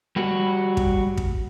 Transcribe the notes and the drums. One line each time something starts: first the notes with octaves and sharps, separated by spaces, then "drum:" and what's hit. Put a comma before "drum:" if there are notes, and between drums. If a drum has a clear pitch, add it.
G3 F#4
drum: kick
drum: kick